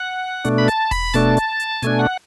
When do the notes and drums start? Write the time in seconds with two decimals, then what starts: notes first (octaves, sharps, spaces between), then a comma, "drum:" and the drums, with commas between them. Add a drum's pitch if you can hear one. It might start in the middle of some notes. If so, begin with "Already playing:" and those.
Already playing: F#5
0.45 B2 A3 D4, drum: hi-hat
0.58 B5
0.68 A5, drum: hi-hat
0.91 B5, drum: kick E1, open hi-hat
1.14 B2 A3 D4 A5, drum: hi-hat
1.37 drum: hi-hat
1.60 drum: hi-hat
1.82 B2 A3 D4 G#5, drum: hi-hat
1.99 F#5